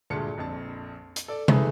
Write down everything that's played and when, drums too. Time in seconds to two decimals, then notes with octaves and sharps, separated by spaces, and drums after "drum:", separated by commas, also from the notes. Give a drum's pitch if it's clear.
0.10 D2 G2 A#2 G#3 A5 C#7
0.38 A#1 F2 A5
1.16 drum: hi-hat
1.28 A4 D5
1.48 D#4 G#4 A4 B4 E5, drum: tom